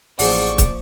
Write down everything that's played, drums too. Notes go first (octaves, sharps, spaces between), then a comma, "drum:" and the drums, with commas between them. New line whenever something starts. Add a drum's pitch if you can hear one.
A1 F3 A#3 G#4 C5 D5 F#5 C#6, drum: open hi-hat
drum: kick C#1, hi-hat